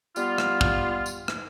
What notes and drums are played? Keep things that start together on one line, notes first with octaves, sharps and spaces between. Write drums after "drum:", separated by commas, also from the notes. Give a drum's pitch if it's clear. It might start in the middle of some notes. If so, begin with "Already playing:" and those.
G3 B3 F4, drum: tambourine
drum: rim click
drum: kick
drum: tambourine
drum: rim click